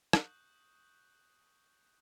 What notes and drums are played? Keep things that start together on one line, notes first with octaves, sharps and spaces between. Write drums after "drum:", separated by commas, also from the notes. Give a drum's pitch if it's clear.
C#6 D#6 F#6 G6, drum: rim click